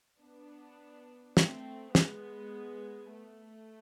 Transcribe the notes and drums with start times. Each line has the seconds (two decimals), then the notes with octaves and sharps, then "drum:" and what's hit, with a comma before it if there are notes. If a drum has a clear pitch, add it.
0.21 B3 D4
1.37 A3 C4, drum: snare
1.95 G#3 B3, drum: snare
3.12 A3